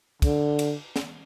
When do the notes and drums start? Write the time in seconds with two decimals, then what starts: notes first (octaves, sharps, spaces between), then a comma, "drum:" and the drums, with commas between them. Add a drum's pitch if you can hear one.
0.22 D3, drum: kick, cymbal
0.59 drum: cymbal
0.96 drum: snare